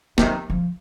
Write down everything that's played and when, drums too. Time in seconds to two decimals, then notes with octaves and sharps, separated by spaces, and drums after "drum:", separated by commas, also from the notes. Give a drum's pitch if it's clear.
0.18 C3 D#3 F#3, drum: snare
0.50 F3